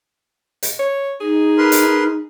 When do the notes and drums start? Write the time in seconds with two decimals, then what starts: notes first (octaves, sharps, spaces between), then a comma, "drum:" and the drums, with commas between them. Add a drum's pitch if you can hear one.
0.63 drum: hi-hat
0.79 C#5
1.21 D#4 G#4
1.58 A#4 B4 C6
1.72 drum: hi-hat